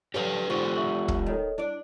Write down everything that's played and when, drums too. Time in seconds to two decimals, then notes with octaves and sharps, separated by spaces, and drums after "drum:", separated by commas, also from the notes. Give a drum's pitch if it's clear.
0.14 D3 F3 G4 B4 C#5 F5
0.50 D3 G#3 F4 G4 C5 C#6
0.76 E5 C#6 F#7
1.08 drum: kick
1.26 D#3 A4 C#5 D#5
1.58 D4 E4 D5